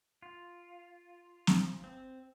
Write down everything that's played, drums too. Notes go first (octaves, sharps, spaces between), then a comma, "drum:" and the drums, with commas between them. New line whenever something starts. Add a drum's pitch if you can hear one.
F4
drum: snare
C4